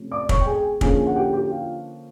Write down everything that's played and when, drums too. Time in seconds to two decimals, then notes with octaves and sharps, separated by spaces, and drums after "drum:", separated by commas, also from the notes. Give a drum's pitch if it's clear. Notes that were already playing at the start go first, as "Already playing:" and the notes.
Already playing: C3 F3 A3 C#4
0.11 D5 D6
0.29 C#5 C#6, drum: kick
0.41 G5
0.46 G#4 G#5
0.81 D3 F3 A#3 C#4 G#4 G#5, drum: kick
1.07 F#5
1.16 G4 G5
1.33 G4 G5
1.50 F4 F5